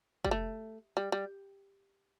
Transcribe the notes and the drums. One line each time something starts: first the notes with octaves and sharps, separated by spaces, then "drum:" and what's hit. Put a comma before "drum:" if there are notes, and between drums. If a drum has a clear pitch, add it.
G3, drum: kick
A3
G3
G3